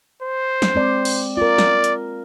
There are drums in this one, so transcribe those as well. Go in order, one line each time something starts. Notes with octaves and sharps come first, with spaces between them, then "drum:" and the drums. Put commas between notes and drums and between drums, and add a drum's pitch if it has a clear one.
C5
drum: snare
G#3 C4 D5
drum: cymbal
F4 A#4 D5
drum: snare
drum: hi-hat